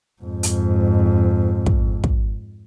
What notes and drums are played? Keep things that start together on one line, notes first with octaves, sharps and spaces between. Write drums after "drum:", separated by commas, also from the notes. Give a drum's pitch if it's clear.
F2 G#2
drum: hi-hat
drum: kick
drum: kick